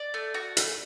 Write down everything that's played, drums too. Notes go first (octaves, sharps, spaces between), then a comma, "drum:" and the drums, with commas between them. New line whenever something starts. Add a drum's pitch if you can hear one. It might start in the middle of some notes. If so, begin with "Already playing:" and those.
Already playing: D5
A3
F#4
A3, drum: hi-hat